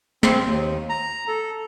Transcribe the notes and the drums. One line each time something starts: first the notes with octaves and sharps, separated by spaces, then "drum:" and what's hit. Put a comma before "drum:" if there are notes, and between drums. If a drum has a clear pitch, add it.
C4, drum: snare
D#2
A#5
A4